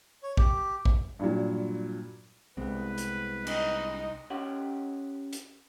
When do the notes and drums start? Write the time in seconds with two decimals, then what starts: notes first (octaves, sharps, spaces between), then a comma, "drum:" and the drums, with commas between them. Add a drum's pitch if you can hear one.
0.23 C#5
0.37 G4, drum: kick
0.85 drum: kick
1.19 G2 A#2 F#3
2.57 C2 G#3 B3 C4 B4
2.98 drum: hi-hat
3.47 D#4, drum: cymbal
4.30 C#4 G4 F#5
5.33 drum: hi-hat